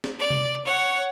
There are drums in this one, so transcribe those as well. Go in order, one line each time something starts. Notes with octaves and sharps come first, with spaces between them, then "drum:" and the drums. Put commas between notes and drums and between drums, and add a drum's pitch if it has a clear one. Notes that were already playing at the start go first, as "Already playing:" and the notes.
drum: snare
D5
drum: tom C3
C#5 F#5